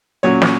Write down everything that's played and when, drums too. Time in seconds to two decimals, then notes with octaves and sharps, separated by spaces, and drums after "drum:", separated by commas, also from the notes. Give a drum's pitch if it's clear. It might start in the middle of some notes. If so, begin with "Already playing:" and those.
0.23 A#2 F#3 C#4 C#5
0.42 drum: snare